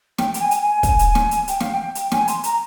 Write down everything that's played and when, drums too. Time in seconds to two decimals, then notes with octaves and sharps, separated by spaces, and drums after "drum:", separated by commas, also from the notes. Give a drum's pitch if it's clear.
0.18 G5, drum: snare
0.34 G5, drum: hi-hat
0.40 G#5
0.51 drum: hi-hat
0.61 G#5
0.83 drum: kick, hi-hat
0.99 drum: hi-hat
1.15 drum: snare
1.31 drum: hi-hat
1.48 G5, drum: hi-hat
1.60 F5, drum: snare
1.73 G5
1.95 drum: hi-hat
2.12 G#5, drum: snare
2.28 C6, drum: hi-hat
2.44 A#5, drum: hi-hat